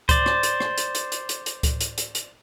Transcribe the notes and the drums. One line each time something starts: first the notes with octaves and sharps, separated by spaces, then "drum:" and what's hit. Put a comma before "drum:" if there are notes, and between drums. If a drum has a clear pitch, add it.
C5 D5, drum: kick C#2, hi-hat
drum: rim click
drum: hi-hat
drum: rim click
drum: hi-hat
drum: hi-hat
drum: hi-hat
drum: hi-hat
drum: hi-hat
drum: kick C#2, hi-hat
drum: hi-hat
drum: hi-hat
drum: hi-hat